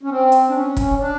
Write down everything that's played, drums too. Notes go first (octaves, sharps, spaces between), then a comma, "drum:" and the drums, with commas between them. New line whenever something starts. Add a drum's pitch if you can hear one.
C#4
C4
drum: hi-hat
D4
C#4
drum: kick E1, hi-hat
D4